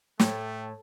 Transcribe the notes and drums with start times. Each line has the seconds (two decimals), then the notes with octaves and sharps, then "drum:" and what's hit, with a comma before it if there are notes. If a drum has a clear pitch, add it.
0.20 A2 A3 G5, drum: snare